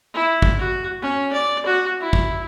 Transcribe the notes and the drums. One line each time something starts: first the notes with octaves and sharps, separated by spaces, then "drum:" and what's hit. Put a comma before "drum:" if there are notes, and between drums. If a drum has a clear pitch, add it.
E4
drum: kick
F#4
C#4
D5
F#4
E4
drum: kick